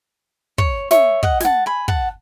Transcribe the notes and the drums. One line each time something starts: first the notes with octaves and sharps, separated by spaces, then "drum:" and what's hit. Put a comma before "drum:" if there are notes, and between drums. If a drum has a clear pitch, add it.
C#5, drum: kick
C#5 E5, drum: snare
D#5 F#5, drum: kick
G#5, drum: snare
F#5 A5
G#5 B5
F#5 A5, drum: kick